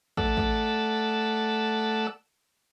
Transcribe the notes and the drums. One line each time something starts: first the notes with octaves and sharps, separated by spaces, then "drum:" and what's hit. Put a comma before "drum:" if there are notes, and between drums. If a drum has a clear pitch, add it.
A3 A4 D5 F#5 E6, drum: kick
drum: kick